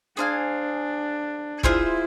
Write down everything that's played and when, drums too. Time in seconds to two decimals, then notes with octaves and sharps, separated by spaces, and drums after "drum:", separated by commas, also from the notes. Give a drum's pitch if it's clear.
0.17 D4 G#4 C5 F5 G#5
1.63 E4 F4 G#4 C5 E5, drum: kick